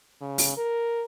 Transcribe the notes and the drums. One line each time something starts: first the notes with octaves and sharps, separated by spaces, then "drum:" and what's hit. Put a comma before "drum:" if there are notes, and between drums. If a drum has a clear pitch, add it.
C#3
drum: open hi-hat
A#4